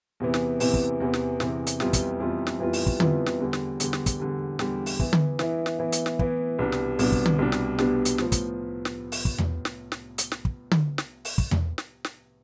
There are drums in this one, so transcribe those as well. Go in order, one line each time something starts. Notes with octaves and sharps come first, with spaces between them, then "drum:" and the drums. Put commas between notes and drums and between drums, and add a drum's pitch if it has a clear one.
E2 C3 E3 B3
drum: snare
E2 C3 E3 B3, drum: open hi-hat
drum: kick
E2 C3 E3 B3
drum: snare
E2 C3 E3 B3, drum: snare
drum: hi-hat
F2 E3 G3 B3 F4, drum: snare
drum: kick, hi-hat
F2 E3 G3 B3 F4
drum: snare
F2 E3 G3 B3 F4
drum: open hi-hat
drum: kick
F2 E3 G3 B3 F4, drum: tom D3
drum: snare
E2 D3 G3
drum: snare
E2 D3 G3, drum: hi-hat
drum: snare
drum: kick, hi-hat
E2 D3 G3
E2 D3 G3, drum: snare
drum: open hi-hat
E3 B3 E4, drum: kick
drum: tom D3
E3 B3 E4, drum: snare
drum: snare
E3 B3 E4
drum: hi-hat
drum: snare
E3 B3 E4, drum: kick
C2 B2 G3 B3 D4
drum: snare
C2 B2 G3 B3 D4, drum: open hi-hat
drum: kick
drum: tom D3
C2 B2 G3 B3 D4
drum: snare
C2 B2 G3 B3 D4, drum: snare
drum: hi-hat
A2 F3 B3, drum: snare
drum: kick, hi-hat
drum: snare
drum: open hi-hat
drum: kick
drum: tom E2
drum: snare
drum: snare
drum: hi-hat
drum: snare
drum: kick
drum: tom D3
drum: snare
drum: open hi-hat
drum: kick
drum: tom E2
drum: snare
drum: snare